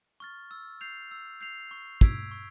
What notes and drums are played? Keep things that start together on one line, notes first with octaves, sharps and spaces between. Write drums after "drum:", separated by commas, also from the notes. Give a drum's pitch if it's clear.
C#6 F6 A6
E6
G6 C7 F7
E6
G6 C7 F7
C#6
E6 G#6 B6 D7, drum: kick
C#6